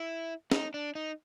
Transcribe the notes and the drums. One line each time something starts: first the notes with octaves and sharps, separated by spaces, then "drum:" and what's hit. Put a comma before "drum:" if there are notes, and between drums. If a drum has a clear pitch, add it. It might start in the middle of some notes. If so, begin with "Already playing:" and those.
Already playing: E4
D#4, drum: snare
D4
D#4